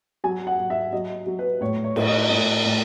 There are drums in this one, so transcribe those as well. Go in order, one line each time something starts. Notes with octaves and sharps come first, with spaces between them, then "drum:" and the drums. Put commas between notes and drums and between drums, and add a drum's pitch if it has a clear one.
F#3 G#5
F#5
F#3
E5
F#3 D#5
F#3
B4
A2 C#5
C#5
A2 C#5, drum: cymbal
D#5
A2
A2